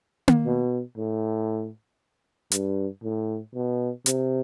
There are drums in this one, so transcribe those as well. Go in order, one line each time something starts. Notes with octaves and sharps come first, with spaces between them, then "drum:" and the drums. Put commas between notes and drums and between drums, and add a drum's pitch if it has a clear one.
drum: tom A#3
B2
A2
G2, drum: hi-hat
A2
B2
C3, drum: hi-hat